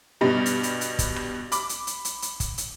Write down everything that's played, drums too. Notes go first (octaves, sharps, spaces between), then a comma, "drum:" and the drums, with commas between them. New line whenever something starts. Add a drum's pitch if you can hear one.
G2 B2 G3
drum: hi-hat
drum: hi-hat
drum: hi-hat
drum: kick, hi-hat
drum: rim click
B5 D6, drum: hi-hat
drum: hi-hat
drum: hi-hat
drum: hi-hat
drum: hi-hat
drum: kick, hi-hat
drum: hi-hat